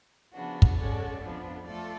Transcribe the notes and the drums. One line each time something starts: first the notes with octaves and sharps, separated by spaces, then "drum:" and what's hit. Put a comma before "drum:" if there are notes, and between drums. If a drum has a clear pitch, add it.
C#3 F3 B3 D4 F#4
drum: kick
G#3 C#4 F#4 A4 D5
F2 F3 B3 D4
F3 A3 F4 A4 D5